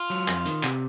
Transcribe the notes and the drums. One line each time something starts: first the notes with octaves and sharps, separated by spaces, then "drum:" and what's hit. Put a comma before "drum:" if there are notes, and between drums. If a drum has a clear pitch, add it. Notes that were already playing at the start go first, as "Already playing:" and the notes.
Already playing: F4
F#3
F2, drum: clap
D#3, drum: hi-hat
C3, drum: clap